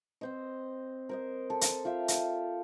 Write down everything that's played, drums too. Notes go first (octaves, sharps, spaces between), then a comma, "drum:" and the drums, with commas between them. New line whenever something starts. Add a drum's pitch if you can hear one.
C4 C5 D#5
A#4 C5 D#5
A4
drum: hi-hat
F4 G4 E5 F5
drum: hi-hat